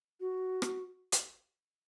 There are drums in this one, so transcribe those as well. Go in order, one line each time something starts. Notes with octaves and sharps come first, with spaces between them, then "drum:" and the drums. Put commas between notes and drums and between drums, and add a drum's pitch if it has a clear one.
F#4
drum: rim click
drum: hi-hat